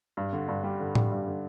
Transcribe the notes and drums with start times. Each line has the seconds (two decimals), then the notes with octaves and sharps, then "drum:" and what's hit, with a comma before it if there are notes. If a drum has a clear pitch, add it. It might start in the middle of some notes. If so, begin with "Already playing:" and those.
0.17 G2
0.33 D3
0.48 G2
0.63 G3
0.80 D3
0.95 G3, drum: tom A2
1.12 G2
1.27 D3